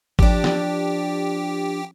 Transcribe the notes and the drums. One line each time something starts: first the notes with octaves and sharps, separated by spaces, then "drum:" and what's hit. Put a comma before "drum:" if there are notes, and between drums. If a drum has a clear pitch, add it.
F3 D4 G4, drum: kick G#1
drum: snare